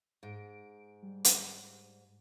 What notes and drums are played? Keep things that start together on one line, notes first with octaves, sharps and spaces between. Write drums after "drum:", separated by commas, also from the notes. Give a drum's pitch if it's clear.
G#2 D7
G3
drum: hi-hat